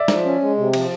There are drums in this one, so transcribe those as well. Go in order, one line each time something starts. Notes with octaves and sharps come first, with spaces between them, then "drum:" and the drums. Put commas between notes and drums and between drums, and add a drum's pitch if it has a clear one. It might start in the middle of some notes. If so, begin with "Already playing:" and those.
Already playing: D5 E5
F3, drum: snare
C#4
G#3
C3
F3, drum: cymbal